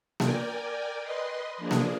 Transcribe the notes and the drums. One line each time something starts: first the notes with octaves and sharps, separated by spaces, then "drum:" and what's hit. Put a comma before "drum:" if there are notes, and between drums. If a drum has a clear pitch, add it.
A#4 D5 G5 G#5, drum: snare A#3
B4 D#5 C6
F3 A#3 D4 G#4
drum: snare A#3